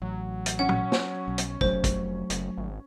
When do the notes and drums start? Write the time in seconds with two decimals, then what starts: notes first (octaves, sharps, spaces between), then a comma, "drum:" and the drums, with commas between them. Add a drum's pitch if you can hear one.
0.02 A1 F#3
0.46 drum: hi-hat
0.59 C#4 F#5
0.69 drum: tom
0.92 drum: snare
1.28 B1
1.38 drum: hi-hat
1.61 F1 F#3 A3 C5, drum: kick
1.84 drum: kick, hi-hat
2.30 F#1, drum: hi-hat
2.57 G#1